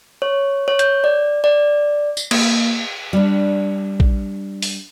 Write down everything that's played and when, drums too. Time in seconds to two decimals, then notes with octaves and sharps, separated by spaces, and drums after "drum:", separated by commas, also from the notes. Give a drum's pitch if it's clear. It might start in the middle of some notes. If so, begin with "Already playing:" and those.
0.22 C#5
0.68 C#5
0.79 G6, drum: hi-hat
1.04 D5
1.44 D5
2.17 drum: tambourine
2.31 A#3, drum: cymbal
3.13 G3 D4
4.00 drum: kick
4.62 drum: open hi-hat